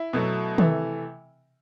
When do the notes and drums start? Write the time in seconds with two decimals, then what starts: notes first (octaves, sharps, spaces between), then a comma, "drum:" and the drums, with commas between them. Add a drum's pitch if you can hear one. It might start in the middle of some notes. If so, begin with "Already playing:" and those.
Already playing: E4
0.13 B2 F#3 A3
0.58 C3 E3 A3, drum: tom D#3